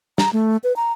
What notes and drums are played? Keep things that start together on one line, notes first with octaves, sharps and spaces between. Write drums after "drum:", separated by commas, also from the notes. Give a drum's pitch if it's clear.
A#5, drum: snare
A3
B4
A#5